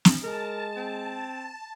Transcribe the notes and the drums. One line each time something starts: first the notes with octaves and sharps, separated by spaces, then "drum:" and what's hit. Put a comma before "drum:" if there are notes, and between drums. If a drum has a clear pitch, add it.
drum: snare
G#3 A#4 A5
C4